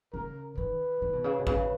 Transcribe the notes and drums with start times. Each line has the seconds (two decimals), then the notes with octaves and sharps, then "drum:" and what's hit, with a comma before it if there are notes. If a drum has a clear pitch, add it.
0.13 C#3 A#4
0.58 D#3 B4
1.02 D#3
1.13 B2
1.24 C#3
1.39 B2
1.47 C#3, drum: kick A1